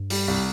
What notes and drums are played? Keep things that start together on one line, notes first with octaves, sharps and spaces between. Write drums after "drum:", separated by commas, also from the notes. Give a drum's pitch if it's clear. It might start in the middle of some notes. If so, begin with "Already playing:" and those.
Already playing: G2
G3, drum: open hi-hat
C2